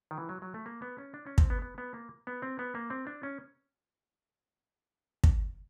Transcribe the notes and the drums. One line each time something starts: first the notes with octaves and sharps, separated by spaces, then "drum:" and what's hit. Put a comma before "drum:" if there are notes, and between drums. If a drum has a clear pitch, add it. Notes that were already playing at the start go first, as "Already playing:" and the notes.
D#3
E3
F#3
F#3
A3
A#3
B3
C#4
D4
C#4
C4, drum: kick
B3
B3
B3
A#3
B3
C4
B3
A#3
C4
D4
C#4
drum: kick